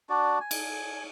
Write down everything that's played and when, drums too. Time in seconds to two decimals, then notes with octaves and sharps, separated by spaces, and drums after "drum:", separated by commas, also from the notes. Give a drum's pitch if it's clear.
0.09 D4 F#4 D5
0.41 G#5
0.51 drum: cymbal